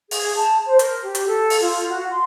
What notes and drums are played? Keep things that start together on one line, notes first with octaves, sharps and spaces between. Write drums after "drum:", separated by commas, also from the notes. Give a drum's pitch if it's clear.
G#4, drum: open hi-hat
A5
C5
A#4, drum: hi-hat
G4
drum: hi-hat
A4
drum: open hi-hat
F4
F#4
C6